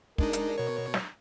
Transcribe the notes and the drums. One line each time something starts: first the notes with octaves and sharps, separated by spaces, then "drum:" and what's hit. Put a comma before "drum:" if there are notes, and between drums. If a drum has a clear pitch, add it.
G#3 D4 D#4 A#4, drum: kick
drum: hi-hat
B2 C#5
drum: snare